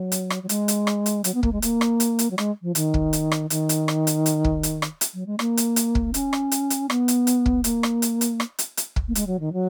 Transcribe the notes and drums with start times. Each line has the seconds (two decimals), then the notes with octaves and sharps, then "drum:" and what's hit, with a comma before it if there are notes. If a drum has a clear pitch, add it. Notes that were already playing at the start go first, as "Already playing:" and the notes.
Already playing: F#3
0.12 drum: hi-hat
0.30 drum: rim click
0.43 F#3
0.49 G#3, drum: hi-hat
0.68 drum: hi-hat
0.87 drum: rim click
1.06 drum: hi-hat
1.24 F#3, drum: hi-hat
1.34 B3
1.43 A#3, drum: kick
1.52 G#3
1.62 A#3, drum: hi-hat
1.81 drum: rim click
2.00 drum: hi-hat
2.19 drum: hi-hat
2.31 F#3
2.38 G#3, drum: rim click
2.62 F3
2.75 D#3, drum: hi-hat
2.94 drum: kick
3.13 drum: hi-hat
3.32 drum: rim click
3.50 D#3, drum: hi-hat
3.69 drum: hi-hat
3.88 drum: rim click
4.07 drum: hi-hat
4.26 drum: hi-hat
4.44 drum: kick
4.63 drum: hi-hat
4.82 drum: rim click
5.01 drum: hi-hat
5.14 F#3
5.26 G#3
5.39 A#3, drum: rim click
5.57 drum: hi-hat
5.76 drum: hi-hat
5.95 drum: kick
6.14 C#4, drum: hi-hat
6.33 drum: rim click
6.52 drum: hi-hat
6.70 drum: hi-hat
6.90 B3, drum: rim click
7.08 drum: hi-hat
7.27 drum: hi-hat
7.46 drum: kick
7.64 A#3, drum: hi-hat
7.83 drum: rim click
8.02 drum: hi-hat
8.21 drum: hi-hat
8.40 drum: rim click
8.59 drum: hi-hat
8.77 drum: hi-hat
8.96 drum: kick
9.08 A#3
9.15 G#3, drum: hi-hat
9.27 F#3
9.40 D#3
9.53 F#3